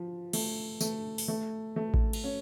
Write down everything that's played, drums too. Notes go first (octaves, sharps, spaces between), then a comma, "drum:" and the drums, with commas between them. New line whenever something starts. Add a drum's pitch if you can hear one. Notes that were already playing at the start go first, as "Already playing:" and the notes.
Already playing: F3
A3, drum: cymbal
A3, drum: tambourine
drum: open hi-hat
A3
A3
drum: kick A1
drum: cymbal
C#4